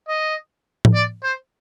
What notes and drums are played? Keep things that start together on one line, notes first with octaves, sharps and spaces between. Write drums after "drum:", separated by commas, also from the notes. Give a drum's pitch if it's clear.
D#5
drum: tom A2
D5
C5